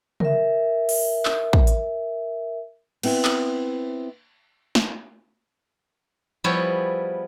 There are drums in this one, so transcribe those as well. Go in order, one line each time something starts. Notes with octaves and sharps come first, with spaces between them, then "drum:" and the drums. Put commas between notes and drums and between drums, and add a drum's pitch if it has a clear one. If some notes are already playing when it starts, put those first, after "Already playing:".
A#4 E5, drum: tom
drum: open hi-hat
drum: clap
drum: kick
drum: hi-hat
B3 C4 E4 C5, drum: cymbal
drum: clap
drum: snare
F3 G3 B3 E4 G#4 C#5